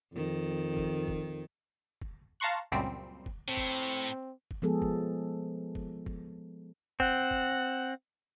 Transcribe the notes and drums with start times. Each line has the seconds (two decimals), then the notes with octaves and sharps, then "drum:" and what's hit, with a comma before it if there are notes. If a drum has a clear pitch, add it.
0.13 F2 D#3
0.77 drum: kick
1.08 drum: kick
2.02 drum: kick
2.40 F5 A5 A#5 C6 C#6 F#6
2.72 C#2 F#2 A#2 G3 C4
3.26 drum: kick
3.48 A2 C4
3.57 drum: kick
4.51 drum: kick
4.62 F3 G#3 B3 G#4 A4
4.82 drum: kick
5.75 drum: kick
6.06 drum: kick
7.00 C4 F#5, drum: kick
7.31 drum: kick